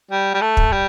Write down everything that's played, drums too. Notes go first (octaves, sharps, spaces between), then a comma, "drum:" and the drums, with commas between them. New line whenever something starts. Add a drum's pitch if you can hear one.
G3
G3
A3
drum: kick
G3